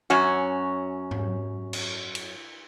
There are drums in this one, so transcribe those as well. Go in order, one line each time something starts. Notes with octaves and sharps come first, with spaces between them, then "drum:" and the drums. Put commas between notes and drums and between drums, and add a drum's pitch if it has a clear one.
F#2 C#4 F#4
drum: tom G#2
drum: cymbal
drum: cymbal